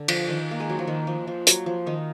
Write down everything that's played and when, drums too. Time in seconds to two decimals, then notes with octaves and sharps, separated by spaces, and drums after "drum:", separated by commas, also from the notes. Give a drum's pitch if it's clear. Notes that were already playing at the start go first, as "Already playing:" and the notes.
Already playing: D3
0.08 F3, drum: cymbal
0.29 D#3
0.51 A#3
0.60 G#3
0.70 F#3
0.79 F3
0.87 D#3
1.07 F3
1.27 F3
1.47 F#3, drum: hi-hat
1.66 F3
1.86 D#3 D#4